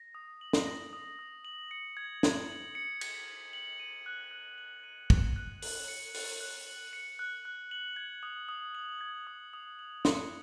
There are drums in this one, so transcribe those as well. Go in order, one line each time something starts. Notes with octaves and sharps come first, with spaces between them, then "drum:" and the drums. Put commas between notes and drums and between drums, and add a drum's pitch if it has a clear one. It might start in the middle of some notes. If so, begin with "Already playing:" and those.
Already playing: A#6
D#6
F#7
drum: snare
A#6
D#6
D#6
F#7
C#7
G#6
G#6, drum: snare
F#7
C#7
G#6, drum: cymbal
G#6
F#7
D#7
F#6
F#6
F#7
D#7
F#6, drum: kick
F#6
F#7, drum: open hi-hat
C#7
F#6, drum: open hi-hat
F#6
F#7
C#7
F#6
F#6
F#7
G#6
D#6
D#6
F#7
G#6
D#6
D#6
F#7
C#7, drum: snare